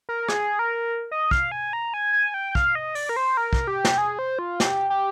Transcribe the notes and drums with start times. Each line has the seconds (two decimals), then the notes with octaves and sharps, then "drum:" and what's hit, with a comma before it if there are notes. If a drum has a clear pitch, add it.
0.09 A#4
0.29 G#4, drum: rim click
0.59 A#4
1.12 D#5
1.31 F5, drum: kick
1.51 G#5
1.73 A#5
1.94 G#5
2.13 G#5
2.34 G5
2.55 F5, drum: kick
2.75 D#5
2.95 D5, drum: open hi-hat
3.09 A#4
3.16 C5
3.37 A#4
3.53 drum: kick
3.67 G4
3.85 drum: snare
3.98 G#4
4.19 C5
4.39 F4
4.60 G4, drum: snare
4.90 G4